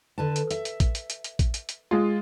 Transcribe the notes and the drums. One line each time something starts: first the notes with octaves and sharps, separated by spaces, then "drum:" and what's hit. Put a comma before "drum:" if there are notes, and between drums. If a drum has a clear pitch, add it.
D3 B4 A5
drum: hi-hat
E5, drum: hi-hat
drum: hi-hat
drum: kick A1, hi-hat
drum: hi-hat
drum: hi-hat
drum: hi-hat
drum: kick A1, hi-hat
drum: hi-hat
drum: hi-hat
G#3 F4